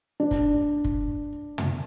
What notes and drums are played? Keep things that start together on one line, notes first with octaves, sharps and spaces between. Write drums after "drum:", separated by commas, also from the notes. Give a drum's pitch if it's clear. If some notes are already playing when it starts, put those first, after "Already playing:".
D4
drum: kick
drum: kick
drum: tom